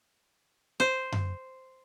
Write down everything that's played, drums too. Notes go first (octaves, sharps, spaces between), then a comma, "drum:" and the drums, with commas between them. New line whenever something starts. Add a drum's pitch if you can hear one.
C5, drum: snare
drum: tom F#2